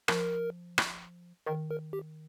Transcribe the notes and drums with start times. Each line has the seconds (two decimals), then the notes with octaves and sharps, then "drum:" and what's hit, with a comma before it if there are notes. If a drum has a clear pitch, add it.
0.08 F3 A#4, drum: rim click
0.78 drum: rim click
1.46 D#3 A#4
1.71 A#4
1.93 G4